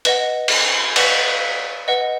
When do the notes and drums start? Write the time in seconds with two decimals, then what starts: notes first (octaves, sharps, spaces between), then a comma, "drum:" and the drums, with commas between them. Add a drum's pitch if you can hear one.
0.05 B4 D#5 F#5, drum: hi-hat
0.48 drum: cymbal
0.96 B4 D#5 F#5, drum: cymbal
1.88 B4 D#5 F#5